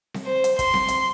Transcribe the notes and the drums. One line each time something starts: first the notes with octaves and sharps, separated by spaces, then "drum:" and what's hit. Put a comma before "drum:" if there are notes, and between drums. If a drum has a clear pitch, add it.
drum: snare C4
C5
drum: hi-hat
C6, drum: kick, hi-hat
drum: snare C4
drum: hi-hat